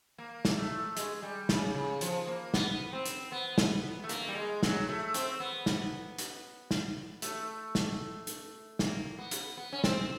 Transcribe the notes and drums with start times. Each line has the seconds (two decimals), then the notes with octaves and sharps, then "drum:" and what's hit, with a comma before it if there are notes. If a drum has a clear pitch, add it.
0.18 A#3
0.45 drum: snare
0.58 A3
0.97 G#3, drum: hi-hat
1.23 G3
1.49 C#3, drum: snare
1.75 C#3
2.01 F3, drum: hi-hat
2.27 A#3
2.54 B3, drum: snare
2.93 C4
3.06 drum: hi-hat
3.32 B3
3.58 drum: snare
4.04 A3
4.09 A#3, drum: hi-hat
4.28 G3
4.35 G#3
4.63 F#3, drum: snare
4.89 A3
5.14 C4, drum: hi-hat
5.40 B3
5.66 drum: snare
6.18 drum: hi-hat
6.71 drum: snare
7.22 A3, drum: hi-hat
7.75 drum: snare
8.27 drum: hi-hat
8.79 A#3, drum: snare
9.19 B3
9.31 drum: hi-hat
9.57 B3
9.72 C#4
9.84 C4, drum: snare